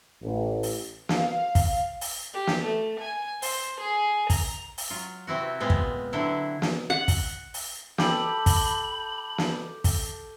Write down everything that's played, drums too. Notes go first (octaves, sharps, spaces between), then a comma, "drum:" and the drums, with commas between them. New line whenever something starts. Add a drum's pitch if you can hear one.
A1
drum: open hi-hat
F5, drum: snare
drum: kick, open hi-hat
drum: open hi-hat
G4
drum: snare
A3
G#5
C5, drum: open hi-hat
G#4
A#5, drum: kick, open hi-hat
drum: open hi-hat
F#3 F4
C3 C4 E4 F#4
A#2 G#3 B3 C4 F4
drum: kick
D3 F#3 C4 E4
drum: snare
F#5
drum: kick, open hi-hat
drum: open hi-hat
G4 A4 B5, drum: snare
drum: kick, open hi-hat
drum: snare
drum: kick, open hi-hat